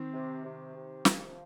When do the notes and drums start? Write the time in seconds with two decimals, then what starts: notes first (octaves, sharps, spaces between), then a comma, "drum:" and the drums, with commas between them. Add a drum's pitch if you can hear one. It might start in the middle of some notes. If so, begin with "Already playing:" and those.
Already playing: D#3 C4
0.13 C3
0.44 C3
0.75 C3
1.05 F3, drum: snare